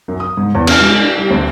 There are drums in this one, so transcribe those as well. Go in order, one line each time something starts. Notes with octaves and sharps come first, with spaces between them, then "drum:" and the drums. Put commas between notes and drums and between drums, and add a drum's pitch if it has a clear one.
F#2
D#6
G#2
E2
F6, drum: cymbal
G#3
D4
G3
D2